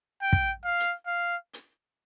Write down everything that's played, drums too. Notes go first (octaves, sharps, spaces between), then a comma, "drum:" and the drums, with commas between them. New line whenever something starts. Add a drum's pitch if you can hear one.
G5
drum: kick
F5
drum: hi-hat
F5
drum: hi-hat